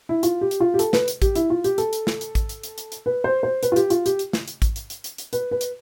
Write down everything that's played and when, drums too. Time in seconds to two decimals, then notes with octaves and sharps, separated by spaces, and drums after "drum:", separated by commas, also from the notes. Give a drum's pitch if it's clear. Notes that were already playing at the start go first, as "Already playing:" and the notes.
0.09 E4
0.23 F4, drum: hi-hat
0.41 G4
0.51 drum: hi-hat
0.60 F4
0.74 G4
0.79 A4, drum: hi-hat
0.93 B4, drum: snare
1.08 drum: hi-hat
1.22 G4, drum: kick A1, hi-hat
1.35 E4, drum: hi-hat
1.50 F4
1.64 G4, drum: hi-hat
1.78 A4, drum: hi-hat
1.93 drum: hi-hat
2.07 drum: snare
2.21 drum: hi-hat
2.35 drum: kick A1, hi-hat
2.49 drum: hi-hat
2.64 drum: hi-hat
2.78 drum: hi-hat
2.92 drum: hi-hat
3.06 B4
3.24 C5
3.43 C5
3.63 B4, drum: hi-hat
3.72 F4
3.76 G4, drum: hi-hat
3.90 F4, drum: hi-hat
4.06 G4, drum: hi-hat
4.19 drum: hi-hat
4.33 drum: snare
4.48 drum: hi-hat
4.62 drum: kick A1, hi-hat
4.76 drum: hi-hat
4.90 drum: hi-hat
5.04 drum: hi-hat
5.18 drum: hi-hat
5.33 B4, drum: hi-hat
5.51 B4
5.61 drum: hi-hat